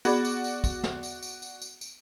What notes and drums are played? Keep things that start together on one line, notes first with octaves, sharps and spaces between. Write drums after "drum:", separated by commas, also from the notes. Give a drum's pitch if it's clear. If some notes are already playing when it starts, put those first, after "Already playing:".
B3 F#4 G#4 D5 B5, drum: tambourine
drum: tambourine
drum: tambourine
drum: kick, tambourine
drum: snare
drum: tambourine
drum: tambourine
drum: tambourine
drum: tambourine
drum: tambourine